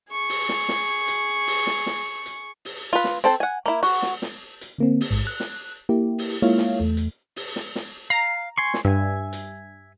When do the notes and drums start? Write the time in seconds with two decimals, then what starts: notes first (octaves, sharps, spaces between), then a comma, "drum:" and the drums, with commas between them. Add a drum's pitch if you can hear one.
0.10 G#4 C#6
0.29 drum: open hi-hat
0.49 drum: snare
0.69 drum: snare
1.08 drum: hi-hat
1.47 drum: open hi-hat
1.67 drum: snare
1.86 drum: snare
2.26 drum: hi-hat
2.65 drum: open hi-hat
2.93 F4 B4
3.04 drum: snare
3.24 C4 A4 C5
3.40 F#5 G#5
3.66 A#3 E4
3.83 F#4, drum: open hi-hat
4.02 drum: snare
4.22 drum: snare
4.61 drum: hi-hat
4.78 D3 A#3 C4
5.01 drum: open hi-hat
5.11 A1 G#2
5.27 F#6
5.40 drum: snare
5.89 A#3 E4 G4
6.18 drum: open hi-hat
6.42 G#3 A#3 E4 F4 C#5 F5
6.58 drum: snare
6.80 E2 A3
6.97 drum: hi-hat
7.36 drum: open hi-hat
7.56 drum: snare
7.76 drum: snare
8.10 F5 A#5
8.58 G#5 C6 C#6
8.74 drum: snare
8.85 G2 E5 G#5
9.33 drum: hi-hat